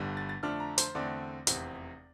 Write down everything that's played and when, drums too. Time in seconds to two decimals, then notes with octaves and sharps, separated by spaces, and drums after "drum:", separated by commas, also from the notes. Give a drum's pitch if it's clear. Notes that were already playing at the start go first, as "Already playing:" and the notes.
Already playing: G1 G2 D3 G3
0.17 A6
0.29 A6
0.43 F2 D3 A3 D4 F6
0.60 A#5
0.78 C5, drum: hi-hat
0.95 E2 D3 A3 C4 D5
1.47 F1 E2 C3, drum: hi-hat